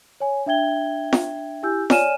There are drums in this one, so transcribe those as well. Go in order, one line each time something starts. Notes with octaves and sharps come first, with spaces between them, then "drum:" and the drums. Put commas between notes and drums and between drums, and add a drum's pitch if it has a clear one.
C#5 G#5
D4 E5 G5 G#6 G7
drum: snare F4
E4 G4 G#5 E6 G6
C#5 D5 G#5 F6 D#7 E7, drum: snare F4